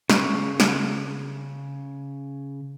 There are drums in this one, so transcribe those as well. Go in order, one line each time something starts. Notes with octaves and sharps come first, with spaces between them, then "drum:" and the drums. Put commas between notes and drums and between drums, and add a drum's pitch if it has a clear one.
C#3 C#6, drum: snare
drum: snare